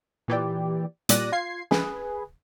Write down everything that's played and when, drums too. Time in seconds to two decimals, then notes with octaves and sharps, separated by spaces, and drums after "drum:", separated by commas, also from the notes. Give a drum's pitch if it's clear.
0.28 A#2 E3 G4 D5
1.09 A#2 G3 D5 F#6 A#6 D#7, drum: hi-hat
1.32 F4 G#6 C7
1.71 G#4 B4, drum: snare